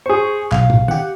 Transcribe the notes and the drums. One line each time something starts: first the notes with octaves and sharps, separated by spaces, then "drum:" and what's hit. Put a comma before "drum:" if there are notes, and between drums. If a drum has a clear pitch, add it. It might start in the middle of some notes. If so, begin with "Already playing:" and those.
G#4 C5 C#6
B1 F5, drum: clap
drum: tom
G4 F#5, drum: tom